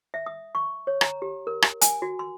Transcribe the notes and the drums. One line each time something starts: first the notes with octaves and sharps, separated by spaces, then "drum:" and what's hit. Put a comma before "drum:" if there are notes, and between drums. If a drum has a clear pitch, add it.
E5
D#6
C#6
C#5
A#5, drum: rim click
G4
A#4
drum: rim click
G#5, drum: hi-hat
F#4
C6